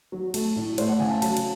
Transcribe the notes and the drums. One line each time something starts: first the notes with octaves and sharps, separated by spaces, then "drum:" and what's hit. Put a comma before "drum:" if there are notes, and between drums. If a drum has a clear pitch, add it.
F#3
A3, drum: cymbal
A2
A3 C5, drum: cymbal
F#5
C#3 G#5
A5
F#3 A5, drum: cymbal
drum: cymbal